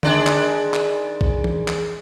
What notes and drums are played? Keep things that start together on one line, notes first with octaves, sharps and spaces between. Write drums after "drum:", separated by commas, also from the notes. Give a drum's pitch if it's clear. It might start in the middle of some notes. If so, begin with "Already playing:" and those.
D#3 G#3 D4, drum: tom D3
drum: clap
drum: clap
drum: kick A#1
drum: tom E3
drum: clap